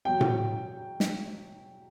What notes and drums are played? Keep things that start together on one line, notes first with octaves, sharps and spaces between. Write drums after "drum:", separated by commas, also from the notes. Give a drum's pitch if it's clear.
E2 B2 F#3 G5
drum: tom A2
drum: snare